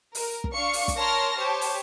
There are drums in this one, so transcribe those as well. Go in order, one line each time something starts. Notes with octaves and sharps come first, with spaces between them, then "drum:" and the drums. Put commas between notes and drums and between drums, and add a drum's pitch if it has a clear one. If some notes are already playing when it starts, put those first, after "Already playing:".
A#4, drum: open hi-hat
drum: kick
D4 F5 C#6 C#7
drum: open hi-hat
drum: kick, hi-hat
A#4 C#5 A5 C6 F6 A#6
G4 C5 C#5 A5
drum: open hi-hat